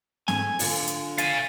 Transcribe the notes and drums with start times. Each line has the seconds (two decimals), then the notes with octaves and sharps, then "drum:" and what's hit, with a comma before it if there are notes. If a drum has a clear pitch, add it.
0.28 G#2 A3 G#5, drum: snare C4
0.59 D3 D4 F4, drum: open hi-hat
0.88 drum: hi-hat
1.18 F5 G#5 A6, drum: hi-hat